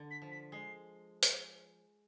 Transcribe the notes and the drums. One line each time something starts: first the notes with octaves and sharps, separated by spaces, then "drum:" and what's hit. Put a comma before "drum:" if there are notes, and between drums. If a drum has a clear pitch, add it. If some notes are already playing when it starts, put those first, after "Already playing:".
Already playing: D3
B6
F3
B6
G#3 C7
drum: hi-hat